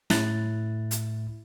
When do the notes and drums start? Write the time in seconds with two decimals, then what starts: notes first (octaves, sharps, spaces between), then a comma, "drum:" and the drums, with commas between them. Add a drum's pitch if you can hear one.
0.10 A2 E4 F#6 A6, drum: snare
0.91 drum: hi-hat